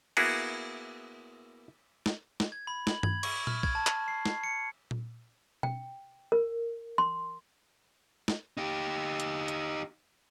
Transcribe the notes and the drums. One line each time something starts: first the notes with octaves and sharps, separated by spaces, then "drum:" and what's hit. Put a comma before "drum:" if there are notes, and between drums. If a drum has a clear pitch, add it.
A#3 B3 E4 F#4 G#4, drum: cymbal
drum: snare
drum: snare
G#6
B5
F#7, drum: snare
G#6, drum: tom G2
C#6, drum: cymbal
F6, drum: tom A#2
G#6, drum: kick
A5
A5, drum: clap
C7
C7, drum: snare
C#7
drum: tom A#2
G5, drum: tom B2
A#4
C6
drum: snare
D#4 G4
drum: hi-hat
drum: hi-hat